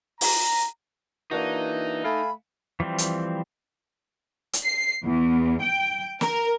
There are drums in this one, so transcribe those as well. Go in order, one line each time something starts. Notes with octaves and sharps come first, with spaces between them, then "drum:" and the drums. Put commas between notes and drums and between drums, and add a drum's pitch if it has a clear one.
A#5, drum: open hi-hat
E3 A#3 D4 D#4 F#4
A3 F5 G#5 B5
E3 F3 G3 C4
drum: hi-hat
drum: hi-hat
C7
E2
G5
A#4, drum: snare